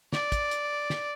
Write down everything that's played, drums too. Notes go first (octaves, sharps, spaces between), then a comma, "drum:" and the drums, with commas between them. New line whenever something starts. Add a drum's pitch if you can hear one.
D5, drum: snare
drum: kick, hi-hat
drum: hi-hat
drum: snare